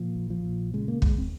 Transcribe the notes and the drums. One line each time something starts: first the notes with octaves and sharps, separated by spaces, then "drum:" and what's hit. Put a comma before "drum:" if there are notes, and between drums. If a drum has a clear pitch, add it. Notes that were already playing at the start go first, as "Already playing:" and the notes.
Already playing: A#2 F3
A#1
F3
A#2
C#3 G#3
A#3
D#2 G#3, drum: kick
C4